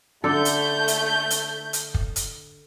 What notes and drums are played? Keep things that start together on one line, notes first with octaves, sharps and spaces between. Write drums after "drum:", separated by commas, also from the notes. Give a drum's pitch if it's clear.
D3 A3 A4 G6
drum: hi-hat
drum: hi-hat
drum: hi-hat
drum: hi-hat
drum: kick
drum: hi-hat